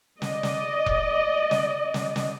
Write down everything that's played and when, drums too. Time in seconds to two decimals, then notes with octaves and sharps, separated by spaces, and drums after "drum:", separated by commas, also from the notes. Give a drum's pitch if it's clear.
0.22 D5 D#5, drum: snare
0.43 drum: snare
0.86 drum: kick E1
1.51 drum: snare
1.94 drum: snare
2.16 drum: snare